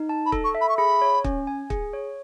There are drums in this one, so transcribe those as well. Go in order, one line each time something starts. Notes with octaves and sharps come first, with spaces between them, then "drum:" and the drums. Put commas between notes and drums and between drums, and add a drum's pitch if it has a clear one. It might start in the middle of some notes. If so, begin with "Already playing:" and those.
Already playing: D#4
A5
B5
A4, drum: kick
C#6
E5
B5
C#6
G#4 B5
C#5
C#4, drum: kick
G#5
G#4, drum: kick
C#5